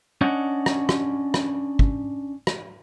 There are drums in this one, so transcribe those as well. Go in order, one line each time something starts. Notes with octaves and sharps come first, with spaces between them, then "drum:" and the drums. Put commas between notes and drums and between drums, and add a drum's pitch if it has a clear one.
C#4 D4 C#5 D#5 F#5
drum: rim click
drum: rim click
drum: rim click
drum: kick
drum: rim click